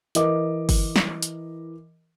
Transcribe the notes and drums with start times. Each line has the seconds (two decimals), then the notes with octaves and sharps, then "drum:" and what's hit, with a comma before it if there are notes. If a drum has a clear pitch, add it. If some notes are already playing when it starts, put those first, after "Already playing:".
0.15 E3 A#4 D#5 D6, drum: hi-hat
0.69 drum: kick G1, open hi-hat
0.96 drum: snare
1.22 drum: hi-hat